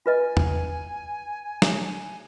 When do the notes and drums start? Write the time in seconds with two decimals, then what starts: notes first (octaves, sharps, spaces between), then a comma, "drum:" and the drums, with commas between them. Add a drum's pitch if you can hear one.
0.06 F4 B4 D#5 G#5
0.37 drum: tom E2
1.62 drum: snare